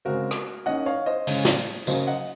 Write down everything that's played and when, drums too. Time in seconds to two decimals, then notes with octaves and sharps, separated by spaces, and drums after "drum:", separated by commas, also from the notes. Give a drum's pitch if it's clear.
0.05 C#3 G#3 C4 F#4 A#4
0.31 drum: rim click
0.66 D#3 A#3 C#4 D#5 F#5
0.86 C#5 F5
1.06 C5 D#5
1.27 C#3 G#3 C#4, drum: open hi-hat
1.45 drum: snare
1.87 C#3 F#3 A#3 C#4 C5 D#5, drum: tambourine
2.07 D#5 F#5